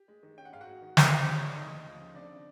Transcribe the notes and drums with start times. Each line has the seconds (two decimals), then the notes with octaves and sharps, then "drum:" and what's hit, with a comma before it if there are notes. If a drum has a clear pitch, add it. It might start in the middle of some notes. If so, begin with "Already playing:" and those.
Already playing: G4
0.08 G#3
0.23 D#3
0.37 C#4 G5
0.45 F#5
0.53 G#2 F5
0.61 F#4 F#5
0.67 G#3
0.82 D#3
0.97 C4 B4, drum: snare
1.12 G#2 C5
1.27 G#3 C#5
1.41 E3 D5
1.56 A3 D#4 D#5
1.71 D#2
1.86 F3
2.01 C#3
2.15 C4 D4 D5